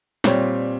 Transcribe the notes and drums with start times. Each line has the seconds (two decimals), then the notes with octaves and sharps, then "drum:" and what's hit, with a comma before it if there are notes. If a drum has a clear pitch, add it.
0.24 A#2 G3 C4 C#5, drum: snare